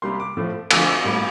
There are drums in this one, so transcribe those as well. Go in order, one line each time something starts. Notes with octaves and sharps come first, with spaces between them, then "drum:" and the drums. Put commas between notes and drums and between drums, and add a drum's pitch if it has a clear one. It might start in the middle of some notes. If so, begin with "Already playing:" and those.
C3 G3 A#3 C6
D6
A2 F3 A3
D3 F3 A3 E6, drum: cymbal
E6
A2 G3 A#3 D6